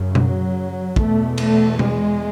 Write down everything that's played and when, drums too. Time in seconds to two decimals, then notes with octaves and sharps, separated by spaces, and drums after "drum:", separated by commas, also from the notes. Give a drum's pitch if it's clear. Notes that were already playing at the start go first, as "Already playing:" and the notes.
Already playing: F#2 C#3
0.15 F#3, drum: tom B2
0.96 E2 B2 A3, drum: kick
1.38 A3, drum: cymbal
1.79 G#3, drum: tom B2